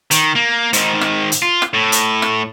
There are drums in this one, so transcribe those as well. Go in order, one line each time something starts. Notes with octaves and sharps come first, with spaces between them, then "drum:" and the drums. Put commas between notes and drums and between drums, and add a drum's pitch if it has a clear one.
D#3, drum: hi-hat
A#3
G#2 D#3, drum: hi-hat
drum: rim click
drum: hi-hat
F4
drum: rim click
A2
drum: hi-hat
drum: rim click